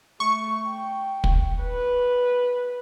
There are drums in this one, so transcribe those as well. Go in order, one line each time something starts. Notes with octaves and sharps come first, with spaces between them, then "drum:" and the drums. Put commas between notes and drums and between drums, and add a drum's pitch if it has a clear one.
A3 C#6
G5
drum: kick
B4